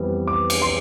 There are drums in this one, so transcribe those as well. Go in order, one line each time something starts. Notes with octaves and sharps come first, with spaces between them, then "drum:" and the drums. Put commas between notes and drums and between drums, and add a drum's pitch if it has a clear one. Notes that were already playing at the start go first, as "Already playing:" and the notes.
Already playing: F2 E3 G3 B3
D6
drum: cymbal
C6